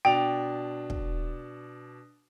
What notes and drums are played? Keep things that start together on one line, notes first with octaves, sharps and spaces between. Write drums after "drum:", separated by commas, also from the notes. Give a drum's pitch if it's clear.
B2 D4 G5 F7
drum: kick